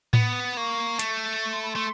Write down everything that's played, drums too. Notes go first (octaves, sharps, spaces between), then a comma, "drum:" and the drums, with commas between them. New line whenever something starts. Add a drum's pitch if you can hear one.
B3, drum: tom A2
A#3 C#6
A3, drum: hi-hat
C#6
C6
B5
A3 C6